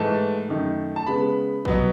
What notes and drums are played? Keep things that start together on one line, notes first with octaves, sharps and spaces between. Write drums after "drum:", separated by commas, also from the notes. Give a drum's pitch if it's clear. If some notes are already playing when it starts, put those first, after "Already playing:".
Already playing: G#2 E3 A3 A5
F#2 D#3 A3
A5
C#3 G#3 B3 B5
B2 F#3 B3, drum: kick